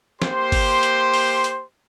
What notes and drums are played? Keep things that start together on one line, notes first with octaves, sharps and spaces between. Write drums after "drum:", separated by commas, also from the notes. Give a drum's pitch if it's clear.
A#3 G4 C5 C6, drum: snare
drum: kick G1, open hi-hat
drum: hi-hat
drum: open hi-hat
drum: hi-hat